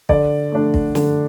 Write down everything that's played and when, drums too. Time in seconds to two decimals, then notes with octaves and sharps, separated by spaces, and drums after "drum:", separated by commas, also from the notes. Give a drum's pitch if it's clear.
0.09 D3 D5, drum: kick
0.52 A3 D4
0.74 drum: kick
0.95 D3, drum: snare